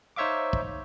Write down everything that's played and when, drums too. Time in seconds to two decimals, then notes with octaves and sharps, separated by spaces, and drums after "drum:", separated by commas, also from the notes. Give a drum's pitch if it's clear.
0.16 D#4 C5 C#5 E5 F5 D6
0.53 drum: kick